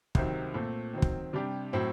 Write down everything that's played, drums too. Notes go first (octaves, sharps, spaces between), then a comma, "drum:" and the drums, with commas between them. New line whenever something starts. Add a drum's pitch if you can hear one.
C2 C3 D#3 F#3 C4, drum: kick
A#2 A3 C4
D#3 F#3 C4
drum: kick
C3 G3 D4 G4
A2 F#3 C4